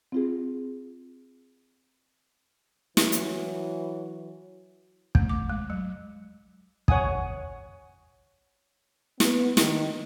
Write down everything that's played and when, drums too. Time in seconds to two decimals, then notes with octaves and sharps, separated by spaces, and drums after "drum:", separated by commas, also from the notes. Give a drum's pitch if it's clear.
0.12 C4 F4 G#4
2.97 E3 F#3, drum: snare
3.12 drum: hi-hat
5.15 A3, drum: kick
5.29 D6
5.50 G#3
5.70 F#3
6.88 C#5 F#5 G#5 D#6, drum: kick
9.20 B3, drum: snare
9.57 D#3, drum: snare